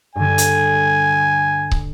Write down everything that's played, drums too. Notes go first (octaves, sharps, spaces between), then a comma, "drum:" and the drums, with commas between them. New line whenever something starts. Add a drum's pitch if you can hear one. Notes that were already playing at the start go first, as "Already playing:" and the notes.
G2 D3 G#5
drum: hi-hat
drum: kick